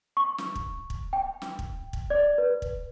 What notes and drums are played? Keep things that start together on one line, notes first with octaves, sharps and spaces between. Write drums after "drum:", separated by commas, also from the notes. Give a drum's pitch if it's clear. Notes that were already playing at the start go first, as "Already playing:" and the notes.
C#6
drum: snare
drum: kick
drum: kick
G5
drum: snare
drum: kick
drum: kick
D5
B4
drum: kick